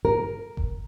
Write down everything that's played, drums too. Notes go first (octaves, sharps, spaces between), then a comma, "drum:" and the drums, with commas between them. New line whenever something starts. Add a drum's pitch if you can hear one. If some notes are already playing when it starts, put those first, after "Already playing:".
A#4
drum: kick F1